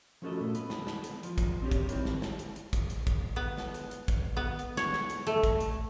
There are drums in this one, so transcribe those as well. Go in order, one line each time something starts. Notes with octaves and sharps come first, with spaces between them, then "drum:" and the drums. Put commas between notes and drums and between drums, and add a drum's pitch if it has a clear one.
F3 A3 C#4 F#4 A4 D#5
A#2 A3
B3, drum: hi-hat
drum: snare
drum: snare
drum: hi-hat
F3, drum: hi-hat
drum: kick, hi-hat
C4 D4 G4 C#5
drum: kick, hi-hat
G#2 D#3 G3 C4 E4, drum: hi-hat
drum: snare
drum: snare
drum: hi-hat
drum: hi-hat
drum: kick, hi-hat
drum: hi-hat
drum: kick, hi-hat
B3
drum: snare
drum: hi-hat
drum: hi-hat
drum: kick, hi-hat
B3
drum: hi-hat
C#5, drum: snare
drum: snare
drum: hi-hat
A3, drum: hi-hat
drum: kick, hi-hat
drum: hi-hat